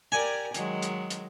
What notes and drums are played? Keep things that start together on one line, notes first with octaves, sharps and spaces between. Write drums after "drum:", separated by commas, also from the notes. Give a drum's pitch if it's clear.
G4 A#4 D5 G#5
D#3 F#3 G#3, drum: hi-hat
drum: hi-hat
drum: hi-hat